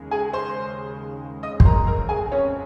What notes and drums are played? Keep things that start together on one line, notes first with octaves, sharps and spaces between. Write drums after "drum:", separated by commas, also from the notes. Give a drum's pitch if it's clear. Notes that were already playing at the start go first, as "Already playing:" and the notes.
Already playing: D#2 C#3 G#3
G#4 G#5
C5 C6
F2 C#3 G#3 C4 D#5 D#6
C6, drum: kick
A#4 A#5
A#4 A#5
G#4 G#5
C#4 C#5